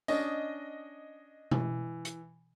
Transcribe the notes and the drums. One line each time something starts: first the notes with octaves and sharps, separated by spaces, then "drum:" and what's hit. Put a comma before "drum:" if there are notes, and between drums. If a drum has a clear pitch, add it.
C#4 D4 D#5, drum: tambourine
E3, drum: tom B2
drum: hi-hat